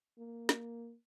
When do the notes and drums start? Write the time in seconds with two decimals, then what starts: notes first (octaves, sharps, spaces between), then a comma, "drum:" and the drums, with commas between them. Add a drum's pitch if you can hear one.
0.19 A#3
0.49 drum: snare